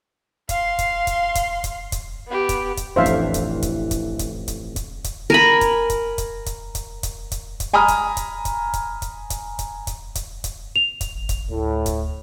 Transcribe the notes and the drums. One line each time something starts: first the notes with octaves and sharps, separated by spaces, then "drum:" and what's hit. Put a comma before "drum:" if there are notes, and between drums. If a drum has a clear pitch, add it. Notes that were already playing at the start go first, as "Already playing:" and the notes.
F5 C6, drum: kick, hi-hat
drum: kick, hi-hat
drum: kick, hi-hat
drum: kick, hi-hat
drum: kick, hi-hat
drum: kick, hi-hat
B3 G4
drum: kick, hi-hat
drum: kick, hi-hat
A1 F2 E3 D4 E4 C5 E5 F5
drum: kick, hi-hat
drum: kick, hi-hat
drum: kick, hi-hat
drum: kick, hi-hat
drum: kick, hi-hat
drum: kick, hi-hat
drum: kick, hi-hat
drum: kick, hi-hat
A#4 G#5 B5
drum: kick, hi-hat
drum: kick, hi-hat
drum: kick, hi-hat
drum: kick, hi-hat
drum: kick, hi-hat
drum: kick, hi-hat
drum: kick, hi-hat
drum: kick, hi-hat
G#5 A#5 B5 D#6 F6
drum: kick, hi-hat
drum: kick, hi-hat
drum: kick, hi-hat
drum: kick, hi-hat
drum: kick, hi-hat
drum: kick, hi-hat
drum: kick, hi-hat
drum: kick, hi-hat
drum: kick, hi-hat
drum: kick, hi-hat
F7
drum: kick, hi-hat
G#1
drum: kick, hi-hat
D2 A2
drum: kick, hi-hat